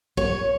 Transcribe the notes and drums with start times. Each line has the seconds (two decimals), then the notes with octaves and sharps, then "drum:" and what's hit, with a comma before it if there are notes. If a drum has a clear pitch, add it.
0.17 C#5, drum: kick